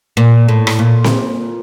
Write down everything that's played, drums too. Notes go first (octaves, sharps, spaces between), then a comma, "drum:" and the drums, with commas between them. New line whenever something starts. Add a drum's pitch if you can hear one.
A#2
A2
drum: rim click
A#2
drum: snare C4